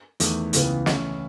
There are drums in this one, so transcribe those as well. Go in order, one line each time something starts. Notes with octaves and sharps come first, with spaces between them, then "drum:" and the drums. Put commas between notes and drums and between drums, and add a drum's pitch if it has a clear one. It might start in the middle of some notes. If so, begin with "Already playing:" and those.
E2 D#3 A3, drum: hi-hat
C#2 C#3 E3 B3, drum: hi-hat
E3 A3 C#4 E4, drum: snare